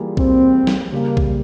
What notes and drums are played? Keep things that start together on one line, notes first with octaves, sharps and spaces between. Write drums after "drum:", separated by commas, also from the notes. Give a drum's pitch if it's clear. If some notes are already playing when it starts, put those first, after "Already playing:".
Already playing: E3 G3 A#3 F4 G#4
C4, drum: kick B1
drum: snare
C#3 G3 A#3 C#4 G4
drum: kick B1